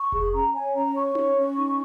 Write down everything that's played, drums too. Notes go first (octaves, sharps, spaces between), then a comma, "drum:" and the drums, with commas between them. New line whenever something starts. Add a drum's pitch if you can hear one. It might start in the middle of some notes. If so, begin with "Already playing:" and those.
Already playing: C#6
G#4, drum: kick F1
C#4 A#5
C#5 G#5
C#4 A#5
C#5 C#6
C#4, drum: tom D#4
C#4
D#4